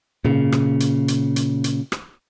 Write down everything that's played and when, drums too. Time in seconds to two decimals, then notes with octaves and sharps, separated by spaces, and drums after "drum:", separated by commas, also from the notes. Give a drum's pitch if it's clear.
0.25 A#2 C#3, drum: tom G#2
0.52 drum: rim click
0.80 drum: hi-hat
1.08 drum: hi-hat
1.36 drum: hi-hat
1.64 drum: hi-hat
1.92 drum: rim click